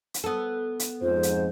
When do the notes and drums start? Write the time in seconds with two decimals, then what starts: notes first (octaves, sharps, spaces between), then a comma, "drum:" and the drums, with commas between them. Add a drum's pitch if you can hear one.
0.14 drum: hi-hat
0.24 B3 A4
0.80 drum: hi-hat
1.01 F2 G#2 C5
1.23 drum: hi-hat